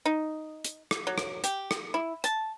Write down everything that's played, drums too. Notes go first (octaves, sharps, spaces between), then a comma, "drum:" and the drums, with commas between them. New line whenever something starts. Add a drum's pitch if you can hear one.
D#4
drum: hi-hat
drum: rim click
F#3
drum: rim click
G4, drum: hi-hat
drum: rim click
E4
A5, drum: hi-hat